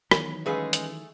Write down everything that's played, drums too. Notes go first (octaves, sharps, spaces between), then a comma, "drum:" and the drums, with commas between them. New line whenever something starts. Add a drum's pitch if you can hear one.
D#3 E3 F#3 B3, drum: rim click
G#3 A3 C#4 G#4 B4 F5
drum: hi-hat